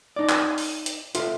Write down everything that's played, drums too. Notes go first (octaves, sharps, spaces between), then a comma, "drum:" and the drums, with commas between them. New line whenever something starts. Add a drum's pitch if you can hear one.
D#4 D5
drum: clap
drum: open hi-hat
drum: hi-hat
F4 A4 C5 E5, drum: hi-hat